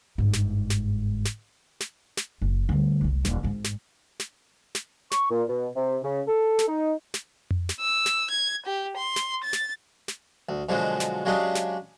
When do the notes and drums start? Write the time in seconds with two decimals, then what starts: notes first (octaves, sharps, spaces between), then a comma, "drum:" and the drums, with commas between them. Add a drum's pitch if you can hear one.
0.18 G1 G#2
0.33 drum: snare
0.70 drum: snare
1.25 drum: snare
1.80 drum: snare
2.17 drum: snare
2.41 F#1
2.69 D2 G3
3.01 F1 C2
3.25 D#1, drum: snare
3.43 G#1 G#2
3.64 drum: snare
4.20 drum: snare
4.75 drum: snare
5.12 C#6, drum: snare
5.31 A#2
5.49 B2
5.76 C3
6.03 C#3
6.28 A4
6.59 drum: snare
6.68 D#4
7.14 drum: snare
7.51 drum: tom F2
7.69 drum: snare
7.80 E6
8.06 drum: snare
8.31 G#6
8.66 G4
8.97 C6
9.16 drum: snare
9.44 A6
9.53 drum: snare
10.08 drum: snare
10.49 D2
10.69 B2 D3 F3 F#3 G#3
11.00 drum: snare
11.25 C#3 F#3 G#3 D4 G4 G#4
11.55 drum: snare